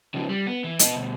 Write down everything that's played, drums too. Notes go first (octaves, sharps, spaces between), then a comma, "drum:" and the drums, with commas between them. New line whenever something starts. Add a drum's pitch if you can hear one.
C#3 F3
G3
B3
E3
B3 D#5, drum: hi-hat
D2 B2